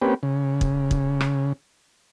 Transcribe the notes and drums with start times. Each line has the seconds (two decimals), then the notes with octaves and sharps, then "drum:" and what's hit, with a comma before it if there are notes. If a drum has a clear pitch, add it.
0.02 A#3 C4 C#4 G4 B4
0.23 C#3
0.61 drum: kick
0.91 drum: kick
1.21 drum: rim click